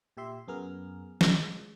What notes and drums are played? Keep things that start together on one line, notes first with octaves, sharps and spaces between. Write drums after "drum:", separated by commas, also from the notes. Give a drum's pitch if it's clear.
A#2 G4 E5 C6
F#2 B3 G#4 A#4 F6
G#3, drum: snare